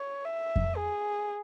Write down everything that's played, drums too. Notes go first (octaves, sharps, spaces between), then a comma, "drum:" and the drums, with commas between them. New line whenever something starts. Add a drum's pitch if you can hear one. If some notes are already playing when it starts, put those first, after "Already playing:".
Already playing: C#5
E5
drum: kick F2
G#4